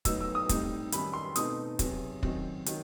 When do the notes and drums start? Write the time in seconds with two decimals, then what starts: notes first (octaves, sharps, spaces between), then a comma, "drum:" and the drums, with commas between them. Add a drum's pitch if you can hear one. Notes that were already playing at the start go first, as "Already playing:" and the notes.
0.05 A2 F#3 B3 D#4 E6, drum: kick, hi-hat
0.21 E6
0.35 D#6
0.49 A2 G3 C4 D#4, drum: kick, hi-hat
0.92 F#2 D#3 G3 B5, drum: hi-hat
1.13 C6
1.36 B2 A3 C4 D#4 D#6, drum: hi-hat
1.79 E2 C3 F#3, drum: kick, hi-hat
2.23 F#2 D#3 F#3 C4, drum: kick
2.66 D#3 F#3, drum: hi-hat